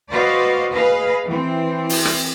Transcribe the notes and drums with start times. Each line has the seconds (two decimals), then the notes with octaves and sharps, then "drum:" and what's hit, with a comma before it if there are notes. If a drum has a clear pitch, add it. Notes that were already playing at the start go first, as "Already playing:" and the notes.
0.11 F#4 B4 C5 D5 D#5 F5
0.72 G#4 B4 D#5 F5
1.27 E3 C4
1.89 drum: open hi-hat
2.05 drum: rim click